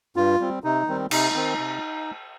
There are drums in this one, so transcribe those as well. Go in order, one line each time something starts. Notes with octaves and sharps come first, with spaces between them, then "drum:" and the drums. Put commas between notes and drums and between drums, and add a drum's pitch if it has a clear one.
G2 F4
G3 C4
C3 D#4
D#3 G3 C4
C3 D#4, drum: cymbal
D#3 C4
C3